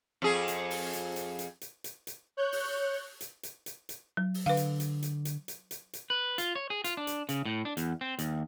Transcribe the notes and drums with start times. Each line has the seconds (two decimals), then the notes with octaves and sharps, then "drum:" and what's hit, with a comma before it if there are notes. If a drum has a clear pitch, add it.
0.22 F2 G#4
0.48 drum: hi-hat
0.70 drum: open hi-hat
0.93 drum: hi-hat
1.16 drum: hi-hat
1.39 drum: hi-hat
1.61 drum: hi-hat
1.84 drum: hi-hat
2.07 drum: hi-hat
2.37 C#5 F#6 G6
2.52 drum: open hi-hat
3.21 drum: hi-hat
3.43 drum: hi-hat
3.66 drum: hi-hat
3.89 drum: hi-hat
4.17 F#3
4.34 drum: open hi-hat
4.46 D3 B4 F5
4.57 drum: hi-hat
4.80 drum: hi-hat
5.03 drum: hi-hat
5.25 drum: hi-hat
5.48 drum: hi-hat
5.71 drum: hi-hat
5.93 drum: hi-hat
6.10 B4
6.38 F4, drum: hi-hat
6.55 C#5
6.70 G#4
6.84 F4, drum: hi-hat
6.97 D4
7.07 drum: hi-hat
7.29 C#3, drum: hi-hat
7.45 A2
7.65 D4
7.77 E2, drum: hi-hat
8.01 C4
8.19 D#2, drum: hi-hat